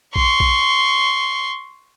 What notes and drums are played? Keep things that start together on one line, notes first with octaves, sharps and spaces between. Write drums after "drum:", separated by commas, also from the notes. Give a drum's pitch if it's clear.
C6 C#6, drum: kick A#1
drum: kick A#1